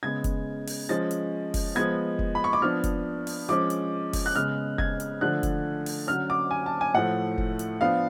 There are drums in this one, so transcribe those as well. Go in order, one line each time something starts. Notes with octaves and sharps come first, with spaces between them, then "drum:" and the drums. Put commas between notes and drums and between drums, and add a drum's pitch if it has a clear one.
C#3 G#3 B3 G#6
drum: kick, hi-hat
drum: open hi-hat
F3 G#3 C#4 A6
drum: hi-hat
drum: kick, open hi-hat
F3 G#3 B3 G#6
drum: kick
B5
C#6
D6
F3 B3 D4 F6
drum: kick, hi-hat
drum: open hi-hat
F3 G#3 C#4 D6
drum: hi-hat
drum: kick, open hi-hat
F#6
C#3 G#3 B3 F6
G#6, drum: kick
drum: hi-hat
D3 F3 A3 D4 F#6
drum: kick, hi-hat
drum: open hi-hat
D3 F#3 C#4 F6
D6
G#5
A5
G#5
A2 F3 A3 F#5
drum: kick
drum: hi-hat
F3 B3 D4 F5